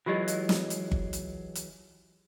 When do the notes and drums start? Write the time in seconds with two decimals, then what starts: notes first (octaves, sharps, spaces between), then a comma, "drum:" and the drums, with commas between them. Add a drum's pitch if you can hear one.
0.06 E3 F#3 G#3 F4 G4 D#5
0.28 drum: hi-hat
0.49 drum: snare
0.70 drum: hi-hat
0.92 drum: kick G1
1.13 drum: hi-hat
1.55 drum: hi-hat